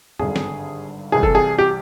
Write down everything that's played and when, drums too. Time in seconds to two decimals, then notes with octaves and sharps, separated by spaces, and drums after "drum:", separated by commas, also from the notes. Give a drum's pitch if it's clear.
0.19 G#1 G2 D3 G#4, drum: tom
0.36 drum: snare
1.12 C2 C3 E3 G#4
1.23 A4, drum: kick F#1
1.35 G#4
1.58 G4